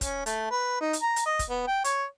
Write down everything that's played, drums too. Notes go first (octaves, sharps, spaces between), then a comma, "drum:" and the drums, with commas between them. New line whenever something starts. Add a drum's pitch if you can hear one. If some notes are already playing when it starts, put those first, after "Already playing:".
C#4, drum: kick, hi-hat
A3, drum: hi-hat
B4
D#4
drum: hi-hat
A#5
drum: hi-hat
D#5
drum: kick, hi-hat
B3
G5
C#5, drum: hi-hat